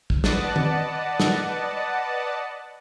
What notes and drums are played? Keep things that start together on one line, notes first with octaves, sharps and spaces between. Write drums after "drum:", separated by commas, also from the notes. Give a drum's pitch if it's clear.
drum: kick
B4 D5 D#5 F#5 A5, drum: snare
drum: tom
drum: snare